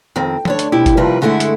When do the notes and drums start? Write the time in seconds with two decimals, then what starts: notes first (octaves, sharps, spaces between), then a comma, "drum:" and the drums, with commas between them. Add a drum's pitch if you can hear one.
0.16 F2 D#3 C4
0.45 D2 D4 C#5, drum: tom
0.59 drum: hi-hat
0.72 B2 E4 G4
0.86 drum: kick F#1, hi-hat
0.97 D#2 C3 F3 G3 A#4 B4
1.21 G2 D3 G#3 A3 E4 F#5
1.40 drum: hi-hat